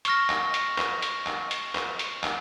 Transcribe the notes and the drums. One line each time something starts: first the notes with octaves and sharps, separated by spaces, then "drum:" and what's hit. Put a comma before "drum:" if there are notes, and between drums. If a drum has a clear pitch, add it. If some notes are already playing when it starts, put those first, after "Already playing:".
C#6 F6 A#6, drum: hi-hat
drum: clap
drum: hi-hat
drum: clap
drum: hi-hat
drum: clap
drum: hi-hat
drum: clap
drum: hi-hat
drum: clap